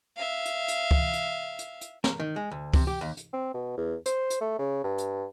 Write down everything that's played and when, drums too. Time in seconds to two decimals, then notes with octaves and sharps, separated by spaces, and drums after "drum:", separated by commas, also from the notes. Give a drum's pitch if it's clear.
0.17 E5 F5
0.46 drum: hi-hat
0.68 drum: hi-hat
0.91 drum: kick C#2
1.13 drum: hi-hat
1.59 drum: hi-hat
1.81 drum: hi-hat
2.04 A#4, drum: snare
2.20 D#3
2.36 G#3
2.51 D2
2.74 C3, drum: kick C#2, open hi-hat
2.87 G4
3.01 D#2
3.17 drum: hi-hat
3.33 C4
3.54 B2
3.77 E2
4.06 C5, drum: hi-hat
4.30 drum: hi-hat
4.41 A3
4.59 C#3
4.84 G2
4.98 drum: hi-hat